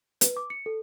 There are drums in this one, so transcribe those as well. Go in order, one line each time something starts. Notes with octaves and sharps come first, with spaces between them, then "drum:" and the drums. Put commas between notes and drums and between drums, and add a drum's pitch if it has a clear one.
B4, drum: hi-hat
D6
C#7
A4